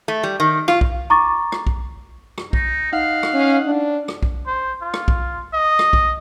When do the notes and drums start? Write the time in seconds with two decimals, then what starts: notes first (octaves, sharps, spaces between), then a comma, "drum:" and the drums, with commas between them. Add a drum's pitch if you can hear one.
0.08 A3
0.23 G3
0.40 D#3
0.68 F4, drum: rim click
0.81 drum: kick
1.10 A#5 C#6 D6 A6
1.52 drum: rim click
1.67 drum: kick
2.38 drum: rim click
2.53 D#4, drum: kick
2.93 D#4 F5 F#5
3.23 drum: rim click
3.34 C#4
3.66 D4
4.08 drum: rim click
4.23 drum: kick
4.47 C5
4.82 F4
4.94 drum: rim click
5.08 drum: kick
5.54 D#5
5.79 drum: rim click
5.93 drum: kick